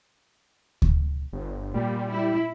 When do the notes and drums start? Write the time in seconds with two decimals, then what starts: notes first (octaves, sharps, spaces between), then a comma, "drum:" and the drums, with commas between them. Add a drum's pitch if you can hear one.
0.82 drum: kick D2
1.33 G1
1.74 A#2 G3
2.09 E4